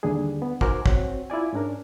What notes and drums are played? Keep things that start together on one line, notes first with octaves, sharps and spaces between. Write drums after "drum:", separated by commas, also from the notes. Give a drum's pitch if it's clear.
D#2 D3 G3 D4 G#4
B3
D#4 F#4 A#4 C5 G#5 D6, drum: kick
C4 F#4 C#5, drum: kick
E4 F4 D5 G#5
G#2 C#4 D4 A#4